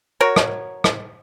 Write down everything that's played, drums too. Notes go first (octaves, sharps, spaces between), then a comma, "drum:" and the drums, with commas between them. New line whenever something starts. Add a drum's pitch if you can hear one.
F#4 A#4 C#5
drum: rim click
drum: rim click